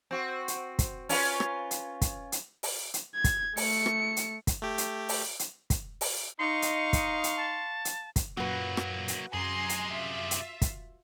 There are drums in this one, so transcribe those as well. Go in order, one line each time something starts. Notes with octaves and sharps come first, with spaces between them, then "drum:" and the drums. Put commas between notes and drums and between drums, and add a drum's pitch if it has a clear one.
C4 F#4
drum: hi-hat
drum: kick, hi-hat
C#4 F4 B4, drum: open hi-hat
drum: rim click
drum: hi-hat
drum: kick, hi-hat
drum: hi-hat
drum: open hi-hat
drum: hi-hat
G#6
drum: kick, hi-hat
A3 C#7, drum: open hi-hat
drum: rim click
drum: hi-hat
drum: kick, hi-hat
A3 G4
drum: hi-hat
drum: open hi-hat
drum: hi-hat
drum: kick, hi-hat
drum: open hi-hat
D#4 F5 C6 C#6 C#7
drum: hi-hat
drum: kick, hi-hat
drum: hi-hat
A5
drum: hi-hat
drum: kick, hi-hat
F#2 A#2 F#3 A#3 F#4 B4
drum: rim click
drum: hi-hat
F#2 C3 G#4 G#5 A#5 C6
drum: hi-hat
F4 E5
drum: hi-hat
drum: kick, hi-hat